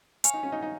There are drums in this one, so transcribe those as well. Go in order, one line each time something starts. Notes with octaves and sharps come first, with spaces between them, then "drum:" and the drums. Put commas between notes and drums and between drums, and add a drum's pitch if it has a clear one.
C#5 F5 G#5, drum: hi-hat
D#4
C#4
D#4
D#4